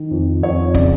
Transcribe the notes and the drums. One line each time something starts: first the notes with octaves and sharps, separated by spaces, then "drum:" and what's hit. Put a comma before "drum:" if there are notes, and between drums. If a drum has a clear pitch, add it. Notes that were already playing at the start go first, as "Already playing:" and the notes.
Already playing: D#3
F2
F2 C#5
C#3 D5, drum: kick